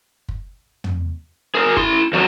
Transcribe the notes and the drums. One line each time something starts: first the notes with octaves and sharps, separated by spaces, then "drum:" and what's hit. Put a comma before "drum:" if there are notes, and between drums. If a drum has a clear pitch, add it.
drum: kick
drum: tom
G#4 A#4
E4 C6, drum: kick
F2 F#3